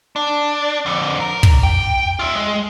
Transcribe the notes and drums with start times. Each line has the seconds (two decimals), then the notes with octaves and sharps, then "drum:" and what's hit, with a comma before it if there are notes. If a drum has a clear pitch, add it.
0.16 D4
0.86 F2 D3
1.20 A#4
1.43 drum: kick
1.63 G5
2.19 F4 E5
2.35 G#3